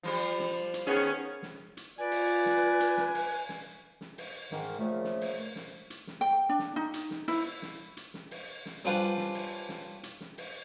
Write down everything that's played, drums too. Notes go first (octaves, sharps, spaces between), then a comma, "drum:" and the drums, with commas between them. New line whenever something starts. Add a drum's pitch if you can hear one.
F3 G3 C5
drum: snare
drum: hi-hat
D#3 B3 C#4 G#4
drum: snare
drum: hi-hat
F4 B4 D5 G#5
drum: open hi-hat
drum: snare
drum: hi-hat
drum: snare
drum: open hi-hat
drum: snare
drum: snare
drum: open hi-hat
G#2 D#3, drum: snare
A#2 C#3 F3 A3
drum: snare
drum: open hi-hat
drum: snare
drum: hi-hat
drum: snare
G5
D4
drum: snare
D#4
drum: hi-hat
drum: snare
E4, drum: open hi-hat
drum: snare
drum: hi-hat
drum: snare
drum: open hi-hat
drum: snare
G3 C#4 D4 F4 B4 C5
drum: snare
drum: open hi-hat
drum: snare
drum: hi-hat
drum: snare
drum: open hi-hat